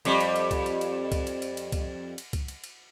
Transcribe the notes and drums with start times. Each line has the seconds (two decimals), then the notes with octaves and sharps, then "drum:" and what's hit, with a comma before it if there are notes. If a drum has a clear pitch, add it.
0.05 F2 G3, drum: cymbal
0.20 drum: cymbal
0.36 drum: cymbal
0.51 drum: kick, cymbal
0.66 drum: cymbal
0.81 drum: cymbal
1.12 drum: kick, cymbal
1.27 drum: cymbal
1.42 drum: cymbal
1.57 drum: cymbal
1.72 drum: kick, cymbal
2.18 drum: cymbal
2.33 drum: kick, cymbal
2.48 drum: cymbal
2.64 drum: cymbal